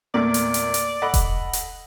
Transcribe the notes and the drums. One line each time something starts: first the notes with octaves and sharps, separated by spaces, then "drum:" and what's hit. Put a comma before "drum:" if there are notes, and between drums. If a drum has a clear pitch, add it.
E2 A#2 A3 A#3 D5
drum: hi-hat
drum: hi-hat
drum: hi-hat
A4 D#5 F#5 B5
drum: kick E1, hi-hat
drum: hi-hat